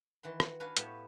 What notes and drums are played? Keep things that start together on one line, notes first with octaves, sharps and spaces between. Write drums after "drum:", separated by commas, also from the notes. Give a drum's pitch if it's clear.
D#3 E3 F#5 C6
F#4, drum: rim click
D4 F#4 B4 F5 F#5 G#5
A2 B3 G4 A4 B4 C#5, drum: hi-hat